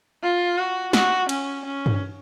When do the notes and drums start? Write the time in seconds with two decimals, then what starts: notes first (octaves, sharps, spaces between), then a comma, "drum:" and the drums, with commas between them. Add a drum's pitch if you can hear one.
0.23 F4
0.58 F#4
0.93 F#4, drum: snare
1.29 C#4, drum: cymbal
1.65 C#4
1.86 drum: tom G2